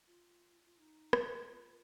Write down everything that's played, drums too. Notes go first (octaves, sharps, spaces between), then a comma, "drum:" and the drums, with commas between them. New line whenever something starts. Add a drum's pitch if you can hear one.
F4
F4
D#4
drum: rim click
F4